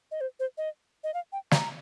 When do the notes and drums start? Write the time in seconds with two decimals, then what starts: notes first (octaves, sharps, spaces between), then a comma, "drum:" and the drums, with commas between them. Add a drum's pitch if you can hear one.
0.11 D#5
0.21 C5
0.40 C5
0.58 D#5
1.04 D#5
1.14 F5
1.32 G5
1.51 A#5, drum: snare